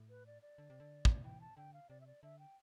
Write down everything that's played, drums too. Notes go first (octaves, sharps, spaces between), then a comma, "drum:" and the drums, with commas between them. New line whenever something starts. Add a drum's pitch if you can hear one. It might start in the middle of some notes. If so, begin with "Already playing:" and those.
Already playing: A2
B4
D5
D5
D3
C3
D3
drum: kick
E3 G5
A5
D3 G5
F5
C3 D5
E5
D5
D3 E5
G5